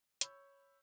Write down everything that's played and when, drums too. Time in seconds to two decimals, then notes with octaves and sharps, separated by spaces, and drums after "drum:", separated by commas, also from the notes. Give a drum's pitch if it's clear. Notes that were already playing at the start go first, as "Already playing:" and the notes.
0.21 C#5 B5 C#6 E6 G6, drum: hi-hat